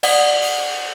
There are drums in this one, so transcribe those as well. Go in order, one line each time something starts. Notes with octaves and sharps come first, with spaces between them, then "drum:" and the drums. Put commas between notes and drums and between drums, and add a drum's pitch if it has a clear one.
D5 F#5 D#6, drum: cymbal
drum: open hi-hat